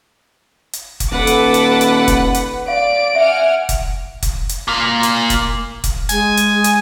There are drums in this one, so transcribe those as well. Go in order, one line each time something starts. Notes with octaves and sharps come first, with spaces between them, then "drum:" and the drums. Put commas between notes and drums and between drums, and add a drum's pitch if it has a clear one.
drum: hi-hat
drum: kick, hi-hat
D#1 A4 B4 F#5 D6
drum: hi-hat
drum: hi-hat
drum: hi-hat
drum: kick, hi-hat
drum: hi-hat
D5 F5 D7
E5 F#5 G#5 F6
drum: kick, hi-hat
drum: kick, hi-hat
drum: hi-hat
A#2 A#3
drum: hi-hat
drum: kick, hi-hat
drum: kick, hi-hat
G#3 G#5, drum: hi-hat
drum: hi-hat
drum: hi-hat